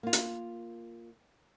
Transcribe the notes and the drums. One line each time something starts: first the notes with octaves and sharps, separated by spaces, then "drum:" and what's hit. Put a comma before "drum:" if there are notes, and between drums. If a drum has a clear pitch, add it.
A#3 F4
drum: hi-hat